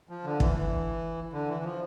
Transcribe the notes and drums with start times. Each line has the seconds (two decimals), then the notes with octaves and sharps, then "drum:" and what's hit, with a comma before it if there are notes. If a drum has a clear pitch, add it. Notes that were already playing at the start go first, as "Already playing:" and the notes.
0.09 F3
0.24 D3
0.40 E3, drum: kick
0.55 E3
1.33 D3
1.48 E3
1.64 F3